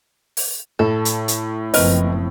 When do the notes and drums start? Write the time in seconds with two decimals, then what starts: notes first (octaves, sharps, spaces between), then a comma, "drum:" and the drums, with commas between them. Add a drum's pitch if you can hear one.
0.37 drum: open hi-hat
0.79 A2 A4
1.05 drum: hi-hat
1.28 drum: hi-hat
1.74 F#1 F3 C4 A#4 B4 D#5, drum: open hi-hat